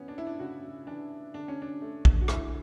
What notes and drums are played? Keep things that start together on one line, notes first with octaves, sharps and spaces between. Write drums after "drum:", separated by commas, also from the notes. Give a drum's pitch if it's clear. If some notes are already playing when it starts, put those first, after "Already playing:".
Already playing: E3 B3 C#4
D4
E4
D4
C#3 F#4
E3 D4
D3 D4
C#4
D4
A3
drum: kick
F#4
D3 E4, drum: rim click